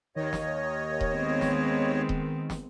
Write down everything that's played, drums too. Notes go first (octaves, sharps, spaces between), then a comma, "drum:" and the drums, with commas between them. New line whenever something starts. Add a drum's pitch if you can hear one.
D#2 D#3 C#5 D#5
drum: snare
drum: kick D#1
G#3 B3 C4
drum: snare
drum: kick D#1
drum: snare